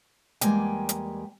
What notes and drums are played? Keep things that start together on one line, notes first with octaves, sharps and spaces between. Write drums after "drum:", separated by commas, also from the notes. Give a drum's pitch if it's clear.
E2 G3 G#3 A#3 G5 G#5, drum: hi-hat
drum: hi-hat